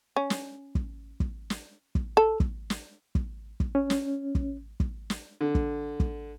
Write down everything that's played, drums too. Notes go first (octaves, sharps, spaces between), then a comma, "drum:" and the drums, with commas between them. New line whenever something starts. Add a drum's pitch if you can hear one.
C#4
drum: snare
drum: kick
drum: kick
drum: snare
drum: kick
A4
drum: kick
drum: snare
drum: kick
drum: kick
C#4
drum: snare
drum: kick
drum: kick
drum: snare
D3
drum: kick
drum: kick